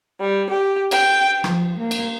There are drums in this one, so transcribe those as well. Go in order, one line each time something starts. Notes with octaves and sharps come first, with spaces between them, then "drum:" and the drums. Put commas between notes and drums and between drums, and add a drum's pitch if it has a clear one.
G3
G4
G5, drum: cymbal
F3, drum: rim click
A#3
drum: cymbal